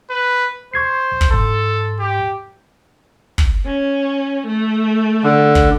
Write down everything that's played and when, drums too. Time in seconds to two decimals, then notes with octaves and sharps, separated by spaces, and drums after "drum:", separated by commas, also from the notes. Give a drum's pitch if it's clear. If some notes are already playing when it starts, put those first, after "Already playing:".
0.10 B4
0.74 C5 C#6 G#6 C7
1.21 drum: kick
1.31 G#2 A4 C6
2.00 G4
3.38 drum: kick
3.66 C#4
4.47 A3
5.24 D3
5.55 drum: kick